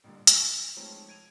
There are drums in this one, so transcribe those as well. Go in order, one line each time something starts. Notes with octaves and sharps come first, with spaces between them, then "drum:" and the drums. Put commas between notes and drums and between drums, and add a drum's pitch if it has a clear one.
A1 G2 A#2 D3
A6 C7, drum: hi-hat
F3 G#3 A3 C4 C#4 D#4
G#6 D7 D#7 F7